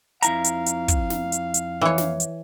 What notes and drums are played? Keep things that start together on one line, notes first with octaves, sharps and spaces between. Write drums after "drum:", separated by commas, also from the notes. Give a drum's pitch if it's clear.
F2 E4 F5 A#5, drum: hi-hat
drum: hi-hat
drum: hi-hat
drum: kick, hi-hat
drum: snare
drum: hi-hat
drum: hi-hat
E3 C#5
drum: snare
drum: hi-hat